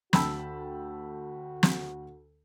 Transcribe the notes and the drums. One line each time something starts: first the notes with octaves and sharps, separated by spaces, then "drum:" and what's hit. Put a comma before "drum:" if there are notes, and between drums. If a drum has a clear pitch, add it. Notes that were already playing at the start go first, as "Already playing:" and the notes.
D2 F#4 G5 A5 B5 E6, drum: snare
drum: snare